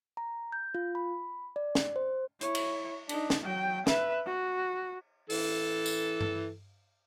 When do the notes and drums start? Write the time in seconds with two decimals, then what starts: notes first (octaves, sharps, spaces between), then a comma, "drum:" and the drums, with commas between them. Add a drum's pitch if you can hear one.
0.17 A#5
0.52 G6
0.75 F4
0.95 B5
1.56 D5
1.75 drum: snare
1.96 C5
2.41 E4 C#5, drum: hi-hat
2.55 drum: cymbal
3.09 D4 D#4, drum: cymbal
3.30 drum: snare
3.43 F#3 G5
3.87 B4 E5, drum: snare
4.26 F#4
5.30 E3 A4, drum: open hi-hat
5.86 drum: tambourine
6.21 drum: tom G2